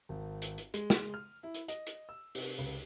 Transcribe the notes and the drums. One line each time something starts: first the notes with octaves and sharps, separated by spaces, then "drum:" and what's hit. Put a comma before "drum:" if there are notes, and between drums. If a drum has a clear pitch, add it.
G#1
drum: hi-hat
drum: hi-hat
G#3, drum: hi-hat
drum: snare
F6
E4
drum: hi-hat
D#5, drum: hi-hat
drum: hi-hat
E6
C3, drum: open hi-hat
C#2